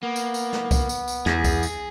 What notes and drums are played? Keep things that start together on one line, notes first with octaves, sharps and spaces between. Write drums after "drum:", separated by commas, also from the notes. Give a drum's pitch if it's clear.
A#3 B3
drum: tambourine
drum: tambourine
drum: snare
drum: kick C2, tambourine
drum: tambourine
drum: tambourine
E2 G#4, drum: snare
drum: kick C2, tambourine
drum: tambourine